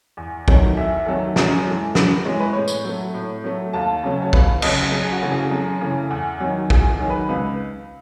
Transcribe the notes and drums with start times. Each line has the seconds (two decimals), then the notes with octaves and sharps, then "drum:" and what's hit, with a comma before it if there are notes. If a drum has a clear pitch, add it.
0.17 E2
0.48 D#3 F#3 A3, drum: kick
0.77 E2 E5
1.06 D#3 F#3 A3 A4
1.36 F#2 G#4, drum: snare
1.66 E3 G#3 A4
1.95 F#2 B4, drum: snare
2.25 E3 G#3 C#5
2.39 B4
2.53 A2 C#5
2.68 drum: tambourine
2.85 F#3 A3
3.14 A2
3.44 F#3 A3
3.73 D#2 A5
4.03 C#3 F#3 A3
4.22 C#5
4.33 D#2 B4, drum: kick
4.62 C#3 F#3 A3 D#5, drum: cymbal
4.92 F#2 G#4
5.12 F#4
5.22 C#3 E3 A3
5.32 G#4
5.51 F#2
5.81 C#3 E3 A3
6.11 E2
6.40 D#3 F#3
6.70 E2 G#4, drum: kick
6.90 G#4
7.00 D#3 F#3
7.10 B4
7.29 C#2 B4